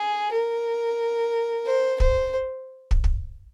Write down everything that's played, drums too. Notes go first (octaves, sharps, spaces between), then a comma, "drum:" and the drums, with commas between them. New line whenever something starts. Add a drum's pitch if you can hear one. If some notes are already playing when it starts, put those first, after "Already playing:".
Already playing: G#4
A#4
C5
C5, drum: kick
drum: kick
drum: kick